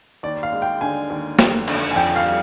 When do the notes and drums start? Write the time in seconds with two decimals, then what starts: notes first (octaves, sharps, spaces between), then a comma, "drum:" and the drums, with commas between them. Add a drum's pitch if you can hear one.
0.23 D#2 D5
0.43 F5
0.52 G#3
0.62 G5
0.81 D3 G#5
1.10 D#2
1.39 F1, drum: snare
1.68 D3, drum: cymbal
1.91 G#5
1.96 F2 G5
2.16 F5
2.25 G3